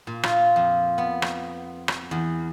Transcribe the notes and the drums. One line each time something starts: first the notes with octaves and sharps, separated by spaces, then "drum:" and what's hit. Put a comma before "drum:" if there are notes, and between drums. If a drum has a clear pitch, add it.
A#2
F4, drum: rim click
F2
B3
drum: rim click
drum: rim click
E2